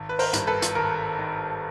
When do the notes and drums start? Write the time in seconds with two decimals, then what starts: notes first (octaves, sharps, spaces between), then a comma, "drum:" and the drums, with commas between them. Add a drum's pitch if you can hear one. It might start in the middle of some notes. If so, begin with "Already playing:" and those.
Already playing: G#1
0.09 B4
0.19 A#4 C5, drum: open hi-hat
0.33 G2, drum: hi-hat
0.47 A4 B4
0.62 drum: hi-hat
0.75 G#1 A#4
1.19 D#3